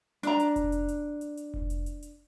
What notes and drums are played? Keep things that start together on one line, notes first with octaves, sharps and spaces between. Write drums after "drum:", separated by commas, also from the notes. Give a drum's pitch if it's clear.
D4 A#5, drum: hi-hat
drum: hi-hat
drum: kick F1, hi-hat
drum: hi-hat
drum: hi-hat
drum: hi-hat
drum: hi-hat
drum: kick F1
drum: hi-hat
drum: hi-hat
drum: hi-hat